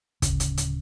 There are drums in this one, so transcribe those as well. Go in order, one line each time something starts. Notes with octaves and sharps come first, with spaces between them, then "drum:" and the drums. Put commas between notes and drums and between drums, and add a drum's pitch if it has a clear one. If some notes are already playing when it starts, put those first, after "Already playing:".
D1 C#3, drum: kick, hi-hat
drum: hi-hat
drum: hi-hat